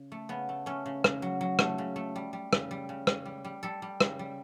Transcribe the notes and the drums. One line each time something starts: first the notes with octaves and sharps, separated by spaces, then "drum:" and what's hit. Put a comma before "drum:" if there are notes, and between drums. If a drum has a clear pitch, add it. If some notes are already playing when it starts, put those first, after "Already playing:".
Already playing: C#3
A3
C#3 B3
A3
A3 C#4
C#3
C#3, drum: rim click
F#3
F#3
A3, drum: rim click
C#3
A3
G3
G3
C#3, drum: rim click
G3
C#3
C#3, drum: rim click
G3
G3
G3 A4
G3
C#3, drum: rim click
G3